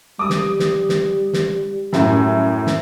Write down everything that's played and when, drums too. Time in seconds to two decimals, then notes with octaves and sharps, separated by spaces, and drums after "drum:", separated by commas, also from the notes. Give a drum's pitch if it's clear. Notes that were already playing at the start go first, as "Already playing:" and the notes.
0.19 G3 D6 D#6
0.30 drum: snare
0.59 drum: snare
0.89 drum: snare
1.33 drum: snare
1.93 F#2 A2, drum: snare
2.67 drum: snare